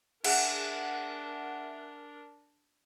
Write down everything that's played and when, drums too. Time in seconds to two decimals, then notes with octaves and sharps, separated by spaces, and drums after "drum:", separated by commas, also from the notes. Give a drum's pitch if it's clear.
0.24 D4 G#4 A#4 E5 F#5 F#6, drum: cymbal